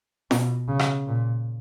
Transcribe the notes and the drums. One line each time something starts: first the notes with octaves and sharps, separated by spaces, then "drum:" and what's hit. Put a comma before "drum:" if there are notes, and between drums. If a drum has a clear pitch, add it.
B2, drum: snare
C#3
drum: rim click
A#2